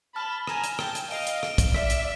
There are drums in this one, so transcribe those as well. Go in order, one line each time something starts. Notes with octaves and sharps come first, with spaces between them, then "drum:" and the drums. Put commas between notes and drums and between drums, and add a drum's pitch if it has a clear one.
A5 B5 F6
G#5 A#5 E7, drum: rim click
drum: hi-hat
G5 A5 G7, drum: rim click
drum: hi-hat
D#5 F5 D7, drum: open hi-hat
drum: hi-hat
D7, drum: rim click
drum: kick, hi-hat
D5 E5 B6, drum: rim click
drum: hi-hat